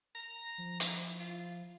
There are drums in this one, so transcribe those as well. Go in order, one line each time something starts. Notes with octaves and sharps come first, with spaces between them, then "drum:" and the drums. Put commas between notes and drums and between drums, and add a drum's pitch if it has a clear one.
A#5
F3
E4, drum: hi-hat
F4